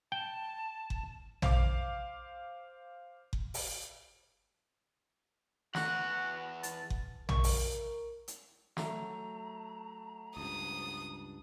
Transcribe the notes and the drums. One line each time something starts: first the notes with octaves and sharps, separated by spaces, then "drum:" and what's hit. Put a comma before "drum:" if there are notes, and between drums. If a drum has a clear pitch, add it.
G5 A5
drum: kick F#1
C5 F5 D6, drum: tom A#1
drum: kick F#1
drum: open hi-hat
E2 F#4 F#5, drum: snare
A5, drum: hi-hat
drum: kick F#1
A#4 C#6, drum: tom A#1
drum: open hi-hat
drum: hi-hat
F#3 A3 E5 A#5, drum: snare
C#2 G2 D#6